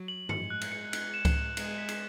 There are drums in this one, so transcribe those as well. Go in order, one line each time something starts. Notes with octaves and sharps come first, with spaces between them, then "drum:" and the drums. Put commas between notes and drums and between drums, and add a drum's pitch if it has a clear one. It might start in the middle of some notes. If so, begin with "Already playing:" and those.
Already playing: F#3
F#7
G#3 C#7, drum: tom G2
F#6
drum: cymbal
C#7
F#6, drum: cymbal
E7
drum: kick C#2, cymbal
E7
G#3 F#7, drum: cymbal
B6
drum: cymbal